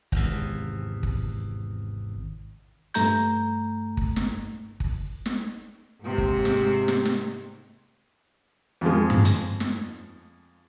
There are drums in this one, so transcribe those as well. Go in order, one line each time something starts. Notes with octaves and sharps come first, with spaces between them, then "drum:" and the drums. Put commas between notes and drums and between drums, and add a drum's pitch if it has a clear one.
G#1 E2 C3, drum: kick
drum: kick
G2 A3 A#5 G6, drum: hi-hat
drum: kick
drum: snare
drum: kick
drum: snare
G#2 C3
drum: kick
drum: snare
drum: snare
drum: snare
F2 F3 G#3
drum: tom G2
drum: hi-hat
drum: snare